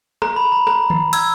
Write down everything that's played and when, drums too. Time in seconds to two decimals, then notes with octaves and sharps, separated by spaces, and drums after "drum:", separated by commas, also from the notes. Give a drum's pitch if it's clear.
0.22 A#5, drum: rim click
0.36 B5
0.52 A#5
0.67 A#5, drum: rim click
0.90 drum: tom D#3
1.13 E6 G#6, drum: hi-hat